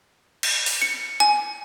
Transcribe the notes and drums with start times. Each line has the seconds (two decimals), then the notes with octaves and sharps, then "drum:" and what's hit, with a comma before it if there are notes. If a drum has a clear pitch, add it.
0.43 drum: cymbal
0.66 drum: open hi-hat
0.82 C#7
1.20 G#5